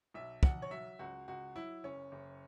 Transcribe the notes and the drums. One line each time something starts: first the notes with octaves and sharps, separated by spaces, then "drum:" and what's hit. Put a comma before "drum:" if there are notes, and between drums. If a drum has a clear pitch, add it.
B1 E5
B1 F#5, drum: kick
C#5
F#3 E5
C#2 F#4
C#2 F#4
F#3 E4
F#1 C#4
F#1